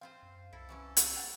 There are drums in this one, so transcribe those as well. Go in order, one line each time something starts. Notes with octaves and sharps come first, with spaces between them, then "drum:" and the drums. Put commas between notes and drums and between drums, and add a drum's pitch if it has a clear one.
C4 F4 C5 F5
F#2
C2 E4 A4
E3 F#3 C#4
drum: hi-hat
F#5 G5